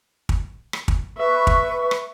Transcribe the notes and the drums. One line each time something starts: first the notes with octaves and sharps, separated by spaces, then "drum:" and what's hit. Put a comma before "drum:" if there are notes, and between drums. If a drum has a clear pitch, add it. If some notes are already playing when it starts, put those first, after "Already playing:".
drum: kick
drum: rim click
drum: kick
B4 E5 C#6
drum: kick
drum: rim click